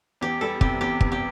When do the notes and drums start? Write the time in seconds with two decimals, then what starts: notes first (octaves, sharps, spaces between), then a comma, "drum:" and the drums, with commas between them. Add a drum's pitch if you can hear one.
0.21 E2 G4
0.41 G3 A4
0.61 C3 G4, drum: kick
0.81 E2 G4
1.01 E2, drum: kick
1.12 G4